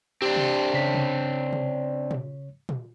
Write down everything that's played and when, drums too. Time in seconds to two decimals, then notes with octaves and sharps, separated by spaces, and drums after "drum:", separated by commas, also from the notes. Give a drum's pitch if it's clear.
0.22 C4 D4 G4
0.36 drum: tom C3
0.74 C#3 C#5 B6
0.94 drum: tom C3
1.53 drum: tom C3
2.11 drum: tom A#2
2.69 drum: tom A#2